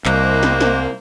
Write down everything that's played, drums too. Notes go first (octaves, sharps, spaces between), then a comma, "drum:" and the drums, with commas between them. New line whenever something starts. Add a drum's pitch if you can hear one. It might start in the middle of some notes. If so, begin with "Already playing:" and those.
C2 A#3 C5 D#5 D6 F#6, drum: clap
drum: snare
drum: snare